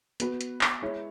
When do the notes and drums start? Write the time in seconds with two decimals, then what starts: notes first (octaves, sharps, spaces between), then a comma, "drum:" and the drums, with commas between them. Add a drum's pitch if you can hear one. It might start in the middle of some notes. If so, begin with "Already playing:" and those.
0.20 B3 F#4 B4, drum: hi-hat
0.41 drum: hi-hat
0.61 drum: clap
0.82 G#3 E4 C#5